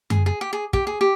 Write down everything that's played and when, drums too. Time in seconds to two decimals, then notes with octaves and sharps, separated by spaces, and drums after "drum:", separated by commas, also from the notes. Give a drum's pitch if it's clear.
0.10 G#4, drum: tom F#2
0.26 G#4
0.41 G4
0.53 G#4
0.73 G4, drum: kick
0.87 G#4
1.01 G4